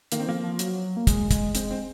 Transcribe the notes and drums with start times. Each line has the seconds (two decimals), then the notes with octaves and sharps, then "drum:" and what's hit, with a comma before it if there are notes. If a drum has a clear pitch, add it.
0.12 D#3 A#3, drum: hi-hat
0.20 C4
0.27 F3 A#3
0.43 F3
0.59 F#3, drum: hi-hat
0.97 A#3
1.07 G#3, drum: kick, hi-hat
1.31 G#3, drum: kick, hi-hat
1.55 G#3 C4, drum: hi-hat
1.71 C4